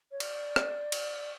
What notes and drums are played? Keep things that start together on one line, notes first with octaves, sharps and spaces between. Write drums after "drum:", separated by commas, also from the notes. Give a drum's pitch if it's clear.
C#5
D5, drum: cymbal
drum: rim click
drum: cymbal